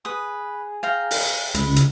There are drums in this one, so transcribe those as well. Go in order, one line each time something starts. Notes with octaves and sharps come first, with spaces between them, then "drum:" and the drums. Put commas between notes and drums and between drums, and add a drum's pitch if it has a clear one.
G#4 B4 D#6
F5 G5 A#5
drum: open hi-hat
C#2 B4, drum: hi-hat
drum: hi-hat